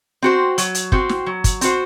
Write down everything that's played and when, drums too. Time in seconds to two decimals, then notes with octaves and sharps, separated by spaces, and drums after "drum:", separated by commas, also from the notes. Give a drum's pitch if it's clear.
0.22 C4 F#4 C5
0.58 F#3, drum: hi-hat
0.75 drum: hi-hat
0.92 C4 F#4 C5, drum: kick
1.09 drum: snare
1.26 F#3
1.44 drum: kick, hi-hat
1.61 C4 F#4 C5, drum: hi-hat